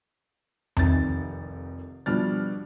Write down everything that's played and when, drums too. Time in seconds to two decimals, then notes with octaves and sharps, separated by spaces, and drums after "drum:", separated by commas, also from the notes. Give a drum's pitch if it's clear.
0.77 F1 C2 F2 D#3 A6, drum: tom E2
2.06 B2 F3 G3 D4 F6 A6